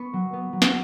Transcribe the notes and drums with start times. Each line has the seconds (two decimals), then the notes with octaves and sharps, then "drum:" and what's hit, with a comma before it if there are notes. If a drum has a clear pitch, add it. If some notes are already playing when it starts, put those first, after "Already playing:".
Already playing: B3 B5 C#6
0.13 F#3
0.33 B3
0.53 F#3
0.62 drum: snare